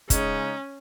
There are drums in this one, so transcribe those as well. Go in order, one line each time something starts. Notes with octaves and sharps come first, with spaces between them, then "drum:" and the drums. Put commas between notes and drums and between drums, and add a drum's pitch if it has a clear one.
C#3 G#3 C#4 D#4, drum: kick, hi-hat